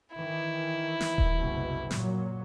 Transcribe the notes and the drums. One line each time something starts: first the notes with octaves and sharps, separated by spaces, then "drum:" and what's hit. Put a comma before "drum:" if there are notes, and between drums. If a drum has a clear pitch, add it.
D#3 E3 E4
drum: snare
drum: kick D#1
F#1 C2 B2
A#2 F#3, drum: snare